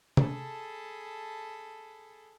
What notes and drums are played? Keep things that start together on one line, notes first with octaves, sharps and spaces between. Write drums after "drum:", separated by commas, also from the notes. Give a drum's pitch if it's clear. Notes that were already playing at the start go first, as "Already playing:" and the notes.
G#4 A4 A5 B5, drum: tom C3